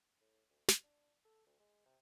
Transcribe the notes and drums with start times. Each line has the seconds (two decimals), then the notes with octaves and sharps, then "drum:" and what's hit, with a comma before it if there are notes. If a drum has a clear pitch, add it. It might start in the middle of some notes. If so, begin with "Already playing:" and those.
0.21 A2
0.50 D2
0.68 D2, drum: snare
0.83 D4
1.25 A4
1.46 D2
1.60 G#3
1.86 C3